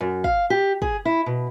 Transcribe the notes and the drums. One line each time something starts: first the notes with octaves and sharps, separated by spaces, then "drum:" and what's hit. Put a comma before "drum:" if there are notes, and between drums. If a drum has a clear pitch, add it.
F#2
F5, drum: kick
G4
G#4, drum: kick
E4
B2